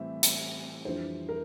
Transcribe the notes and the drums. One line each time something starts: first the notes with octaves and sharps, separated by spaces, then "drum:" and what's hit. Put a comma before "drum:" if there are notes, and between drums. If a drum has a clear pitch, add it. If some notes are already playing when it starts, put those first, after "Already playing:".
Already playing: A2 E3 G3 C4 E5
drum: hi-hat
F2 E3 G3 D4 C5
A#4